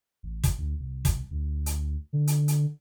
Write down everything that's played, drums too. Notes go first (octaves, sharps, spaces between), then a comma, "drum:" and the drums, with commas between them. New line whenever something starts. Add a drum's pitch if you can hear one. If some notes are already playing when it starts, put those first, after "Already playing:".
A1
drum: kick, hi-hat
D2
C2
drum: kick, hi-hat
D2
drum: hi-hat
D3
drum: hi-hat
drum: hi-hat